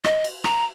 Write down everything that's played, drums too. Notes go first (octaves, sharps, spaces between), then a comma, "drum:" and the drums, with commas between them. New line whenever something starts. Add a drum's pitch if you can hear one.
D#5, drum: rim click
drum: cymbal
A#5, drum: rim click